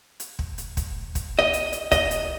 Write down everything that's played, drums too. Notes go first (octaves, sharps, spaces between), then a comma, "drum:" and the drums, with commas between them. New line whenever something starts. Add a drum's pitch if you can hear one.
drum: hi-hat
drum: kick
drum: hi-hat
drum: kick, hi-hat
drum: kick, hi-hat
D#5
drum: hi-hat
drum: hi-hat
D#5, drum: kick, hi-hat
drum: hi-hat